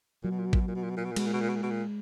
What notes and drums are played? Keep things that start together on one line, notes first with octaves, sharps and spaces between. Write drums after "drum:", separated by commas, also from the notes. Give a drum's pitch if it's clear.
A#2 F#3
B2
A#2
B2
A#2, drum: kick A1
B2
A#2
B2
A#2
B2
A#2
B2
A#2
B2 G#3, drum: cymbal
A#2
B2
A#2
B2
A#2
B2
A#2